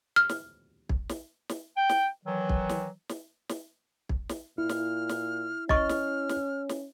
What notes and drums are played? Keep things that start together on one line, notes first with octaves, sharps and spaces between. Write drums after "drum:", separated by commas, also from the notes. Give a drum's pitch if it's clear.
F6
drum: snare
drum: kick
drum: snare
drum: snare
G5
drum: snare
D#3 E3 F#3
drum: kick
drum: snare
drum: snare
drum: snare
drum: kick
drum: snare
A#2 E4 F6
drum: snare
drum: snare
C#4 D#5 C#6 F6, drum: kick
drum: snare
drum: snare
drum: snare